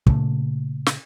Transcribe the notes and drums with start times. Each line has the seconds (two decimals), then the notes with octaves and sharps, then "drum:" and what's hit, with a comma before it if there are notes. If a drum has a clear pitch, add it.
0.07 A#2 C#3 A3, drum: kick
0.86 drum: snare